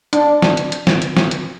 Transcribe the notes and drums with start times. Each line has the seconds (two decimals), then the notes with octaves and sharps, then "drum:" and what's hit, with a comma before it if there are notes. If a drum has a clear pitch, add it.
0.13 D4, drum: hi-hat
0.42 drum: snare
0.57 drum: hi-hat
0.72 drum: hi-hat
0.87 drum: snare
1.02 drum: hi-hat
1.17 drum: snare
1.31 drum: hi-hat